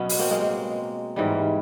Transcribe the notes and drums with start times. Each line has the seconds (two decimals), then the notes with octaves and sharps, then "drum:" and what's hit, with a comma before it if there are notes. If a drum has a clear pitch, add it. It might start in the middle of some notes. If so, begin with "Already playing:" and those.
Already playing: B2 F#3 B3 C#4
0.09 drum: open hi-hat
0.19 A#3 C4
0.31 G#3 A#3
0.41 G#3
1.16 G#2 E3 G3